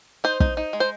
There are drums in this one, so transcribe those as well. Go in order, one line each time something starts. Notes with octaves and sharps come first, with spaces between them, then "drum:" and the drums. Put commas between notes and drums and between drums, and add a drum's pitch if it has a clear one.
D#4 C5
D#4, drum: kick
D#4
G#3
C5